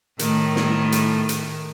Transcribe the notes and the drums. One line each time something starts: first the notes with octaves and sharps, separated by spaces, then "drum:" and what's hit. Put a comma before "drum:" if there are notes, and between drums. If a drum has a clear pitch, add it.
A2 D#3 A3, drum: hi-hat
drum: snare
drum: hi-hat
drum: hi-hat